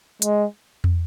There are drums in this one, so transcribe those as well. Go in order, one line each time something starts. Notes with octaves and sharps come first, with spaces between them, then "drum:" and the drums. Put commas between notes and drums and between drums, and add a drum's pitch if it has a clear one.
G#3, drum: hi-hat
drum: tom